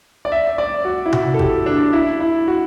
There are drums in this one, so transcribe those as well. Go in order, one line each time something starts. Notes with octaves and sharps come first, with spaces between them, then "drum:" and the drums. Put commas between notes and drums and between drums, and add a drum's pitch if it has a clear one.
D5
E5
D5
F#4
E4
F#4, drum: tom C3
A4
G4, drum: kick G#1
D4
E4
E4
F#4